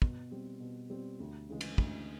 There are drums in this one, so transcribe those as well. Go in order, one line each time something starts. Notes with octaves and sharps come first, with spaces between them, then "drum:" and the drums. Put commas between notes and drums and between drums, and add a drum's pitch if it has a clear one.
B2, drum: kick
G3 C4
B2
G3 C4
D2
C#3 E3 G#3
drum: cymbal
D2, drum: kick